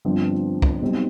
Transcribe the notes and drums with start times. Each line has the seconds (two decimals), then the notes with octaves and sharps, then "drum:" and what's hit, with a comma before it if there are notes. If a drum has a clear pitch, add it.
0.05 G1 G2 F3 C4
0.62 drum: kick
0.82 B1 B2 G3 C4 D#4